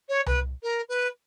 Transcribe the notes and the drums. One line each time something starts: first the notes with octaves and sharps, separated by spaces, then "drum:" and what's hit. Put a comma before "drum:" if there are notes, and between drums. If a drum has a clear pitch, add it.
C#5
B4, drum: tom C2
A#4
B4